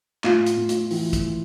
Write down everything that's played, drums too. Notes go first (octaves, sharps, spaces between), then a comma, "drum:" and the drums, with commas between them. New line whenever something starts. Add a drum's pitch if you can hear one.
A2 F4, drum: clap
drum: hi-hat
A2
F4, drum: hi-hat
E3, drum: open hi-hat
drum: kick, hi-hat